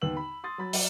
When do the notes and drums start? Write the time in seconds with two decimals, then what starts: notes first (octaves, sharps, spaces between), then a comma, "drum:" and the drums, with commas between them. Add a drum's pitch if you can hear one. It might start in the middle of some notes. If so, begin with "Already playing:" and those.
0.02 D#2 B3 E6 F#7
0.17 B5
0.44 C6 D#6 A6
0.58 F#3 B5 A6
0.73 F#3 D5, drum: open hi-hat